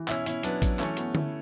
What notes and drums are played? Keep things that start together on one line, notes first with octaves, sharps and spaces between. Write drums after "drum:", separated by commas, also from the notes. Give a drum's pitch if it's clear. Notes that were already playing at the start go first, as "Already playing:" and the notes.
Already playing: E3
B2 C#4 E4, drum: clap
B2 C#4 E4, drum: hi-hat
F#3 B3 D4, drum: hi-hat
F#3, drum: kick A1, hi-hat
E3 A3 C#4, drum: clap
B3, drum: hi-hat
E4, drum: tom D3